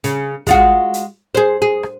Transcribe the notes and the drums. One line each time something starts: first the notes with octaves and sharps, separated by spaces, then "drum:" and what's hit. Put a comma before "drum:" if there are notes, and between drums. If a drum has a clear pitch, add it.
C#3, drum: hi-hat
G#3 F4 F#4, drum: kick, hi-hat
drum: hi-hat
G#4 C5
G#4
drum: rim click